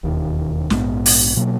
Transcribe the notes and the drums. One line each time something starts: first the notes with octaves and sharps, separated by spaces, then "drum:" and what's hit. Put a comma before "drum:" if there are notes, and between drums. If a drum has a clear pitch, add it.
E1 D#2 D#3
A#1 G#2 E3 B3, drum: snare
drum: open hi-hat
B2 F#3 A#3